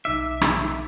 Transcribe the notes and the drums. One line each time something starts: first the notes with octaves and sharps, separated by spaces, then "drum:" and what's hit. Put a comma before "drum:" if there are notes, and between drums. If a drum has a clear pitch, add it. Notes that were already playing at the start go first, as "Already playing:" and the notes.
B1 D#4 E5 D6
drum: rim click